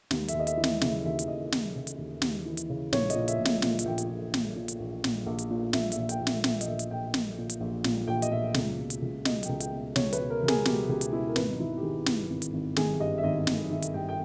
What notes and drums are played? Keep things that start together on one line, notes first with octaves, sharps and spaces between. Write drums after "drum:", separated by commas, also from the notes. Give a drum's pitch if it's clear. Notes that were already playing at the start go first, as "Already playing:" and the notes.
D#2, drum: snare
E5, drum: hi-hat
D#2
D#5
E5, drum: hi-hat
E3
E5, drum: snare
C#3 E5, drum: snare
D#2 E5
E5, drum: hi-hat
D#2 D#5
E3, drum: snare
C#3
drum: hi-hat
D#2
D#2, drum: snare
E3
drum: hi-hat
C#3
A#1 C#5, drum: snare
D#5, drum: hi-hat
A#2
E5, drum: hi-hat
A#1
E5, drum: snare
A#2 E5, drum: snare
E5, drum: hi-hat
A#1 G5
drum: hi-hat
A#2
A#1, drum: snare
A#2
drum: hi-hat
A#1
A#2, drum: snare
A#1
drum: hi-hat
A#2
A#1 E5, drum: snare
A#2 E5, drum: hi-hat
G5, drum: hi-hat
A#1
E5, drum: snare
A#2 E5, drum: snare
D#5, drum: hi-hat
A#1 E5
drum: hi-hat
A#2 G5
A#1, drum: snare
A#2
drum: hi-hat
A#1
A#2, drum: snare
A#1 G5
D#5, drum: hi-hat
A#2 E5
C#2, drum: snare
B2
drum: hi-hat
C#2
B2 D#5, drum: snare
G5, drum: hi-hat
C#2
G5, drum: hi-hat
B2
C#2 C#5, drum: snare
B4, drum: hi-hat
B2
A#4
C#2 A#4
G#4, drum: snare
B2 G4, drum: snare
C#2 G4
drum: hi-hat
B2 E4
A#4
G#1 B4, drum: snare
D#4
G#1 E4
G4
D#3 G#4
G2, drum: snare
G#1
drum: hi-hat
G#1
D#3 G#4, drum: snare
G2 D#5
E5
G#1 D#5
G#1, drum: snare
D#3 E5
drum: hi-hat
G2 G5
G5